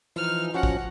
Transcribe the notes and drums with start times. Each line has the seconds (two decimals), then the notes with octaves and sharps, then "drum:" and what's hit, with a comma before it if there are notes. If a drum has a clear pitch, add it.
0.16 E3 F3 D#4 F6
0.54 F3 C#4 F#4 F#5
0.63 drum: kick A1